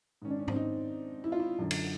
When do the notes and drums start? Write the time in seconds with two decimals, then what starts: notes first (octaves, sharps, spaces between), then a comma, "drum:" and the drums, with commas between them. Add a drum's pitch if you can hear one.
0.22 G#2 D#3 C#4
0.30 D4
0.39 C#4
0.48 C4, drum: tom G#2
0.56 D#4
1.24 E4
1.32 F4
1.40 E4
1.59 F#2 D3
1.71 drum: cymbal